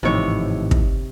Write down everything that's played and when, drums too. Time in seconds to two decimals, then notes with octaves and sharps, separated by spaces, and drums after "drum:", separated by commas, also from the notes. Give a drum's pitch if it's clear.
0.03 G#1 A2 C3 E3 F3 D#4 C#5 D5
0.71 drum: kick